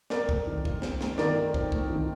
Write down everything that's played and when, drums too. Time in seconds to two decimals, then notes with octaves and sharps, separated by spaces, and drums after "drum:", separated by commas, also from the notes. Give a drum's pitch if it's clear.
0.10 C4 A#4 D5, drum: snare
0.29 A3, drum: kick
0.47 D#3
0.65 F4, drum: kick
0.82 C4, drum: snare
1.01 A3, drum: snare
1.18 D#3 A#4 D5, drum: snare
1.36 F4
1.54 C4, drum: kick
1.72 A3, drum: kick
1.90 D#3